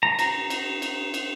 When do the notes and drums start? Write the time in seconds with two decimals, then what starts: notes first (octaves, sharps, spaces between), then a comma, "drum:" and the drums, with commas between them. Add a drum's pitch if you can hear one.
0.03 A#5
0.19 drum: cymbal
0.50 drum: cymbal
0.82 drum: cymbal
1.14 drum: cymbal